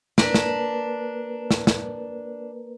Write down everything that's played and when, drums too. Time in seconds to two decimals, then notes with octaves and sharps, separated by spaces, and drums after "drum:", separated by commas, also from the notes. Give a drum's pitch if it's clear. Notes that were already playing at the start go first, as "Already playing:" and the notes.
0.18 A#3 D4 A#4 B4, drum: snare
0.34 drum: snare
1.51 drum: snare
1.67 drum: snare